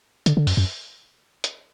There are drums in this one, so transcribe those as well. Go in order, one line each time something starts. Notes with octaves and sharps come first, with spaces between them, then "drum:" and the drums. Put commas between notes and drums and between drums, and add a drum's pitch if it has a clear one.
D3, drum: hi-hat
D3
F#2, drum: open hi-hat
F#2
drum: hi-hat